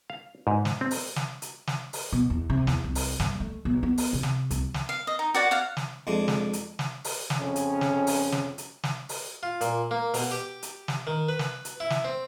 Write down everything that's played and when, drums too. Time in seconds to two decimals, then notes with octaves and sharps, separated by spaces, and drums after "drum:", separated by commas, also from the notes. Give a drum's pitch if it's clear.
0.10 F5
0.47 G#2
0.65 drum: snare
0.81 C4
0.91 drum: open hi-hat
1.16 drum: snare
1.42 drum: hi-hat
1.67 drum: snare
1.93 drum: open hi-hat
2.12 B2
2.30 E2
2.50 C3
2.67 E2, drum: snare
2.84 C2
2.95 drum: open hi-hat
3.20 G2, drum: snare
3.40 A3
3.65 B1
3.83 B3
3.98 drum: open hi-hat
4.13 C3
4.23 drum: snare
4.51 C2, drum: hi-hat
4.74 drum: snare
4.89 F5
5.07 D#5
5.19 D#4
5.34 F#4 D5 F#5
5.51 F5 F#5
5.77 drum: snare
6.07 F2 G#3 D4
6.28 drum: snare
6.53 drum: hi-hat
6.79 drum: snare
7.04 drum: open hi-hat
7.30 drum: snare
7.39 F2 C#3 C#4
7.56 drum: hi-hat
7.81 drum: snare
8.07 drum: open hi-hat
8.32 drum: snare
8.58 drum: hi-hat
8.83 drum: snare
9.09 drum: open hi-hat
9.43 F4
9.61 A#2, drum: hi-hat
9.91 A#3
10.14 B2, drum: open hi-hat
10.31 G4
10.63 drum: hi-hat
10.88 drum: snare
11.07 D#3
11.29 B4
11.39 drum: snare
11.65 drum: hi-hat
11.80 E4
11.90 drum: snare
12.05 C4